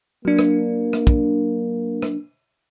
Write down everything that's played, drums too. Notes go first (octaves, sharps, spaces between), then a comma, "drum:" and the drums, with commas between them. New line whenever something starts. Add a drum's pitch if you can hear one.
F#3 A#3 D4
drum: rim click
drum: rim click
drum: kick
drum: rim click